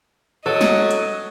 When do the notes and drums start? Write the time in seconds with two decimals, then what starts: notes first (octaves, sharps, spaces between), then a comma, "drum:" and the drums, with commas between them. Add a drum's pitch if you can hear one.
0.46 F#3 A4 D#5
0.61 drum: snare
0.91 drum: hi-hat